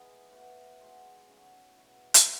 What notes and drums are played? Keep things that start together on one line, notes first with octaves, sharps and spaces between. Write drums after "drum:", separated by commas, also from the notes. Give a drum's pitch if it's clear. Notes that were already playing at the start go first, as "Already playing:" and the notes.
Already playing: E3 G#3 B3 D#4 G#4
A2 E3 B3 F#4
D#3 G#3 D#4 F#4
C#3 F#3 A3 D#4
B2 A3 E4
drum: hi-hat
D#3 F#3